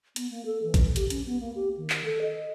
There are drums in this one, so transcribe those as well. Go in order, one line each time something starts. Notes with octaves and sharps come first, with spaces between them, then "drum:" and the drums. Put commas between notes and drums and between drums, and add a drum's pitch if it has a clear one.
B3, drum: hi-hat
A#3
A4
E3
drum: kick A#1, hi-hat
G4, drum: hi-hat
C#4, drum: hi-hat
B3
A#3
G4
D#3
drum: clap
A4
D#5